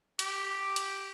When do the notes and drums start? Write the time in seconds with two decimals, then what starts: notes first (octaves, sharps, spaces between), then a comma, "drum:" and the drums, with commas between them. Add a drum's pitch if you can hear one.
0.19 G4, drum: hi-hat
0.76 drum: hi-hat